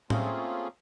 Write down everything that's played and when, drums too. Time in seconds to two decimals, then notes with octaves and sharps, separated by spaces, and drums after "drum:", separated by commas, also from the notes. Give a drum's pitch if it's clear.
0.10 A3 A#3 C4 C#4 F4 G#4, drum: tom A2